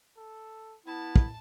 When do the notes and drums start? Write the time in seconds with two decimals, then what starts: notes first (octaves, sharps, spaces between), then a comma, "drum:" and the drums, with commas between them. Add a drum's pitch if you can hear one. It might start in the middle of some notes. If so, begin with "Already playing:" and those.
0.17 A4
0.86 B3 E4 A5
1.16 drum: kick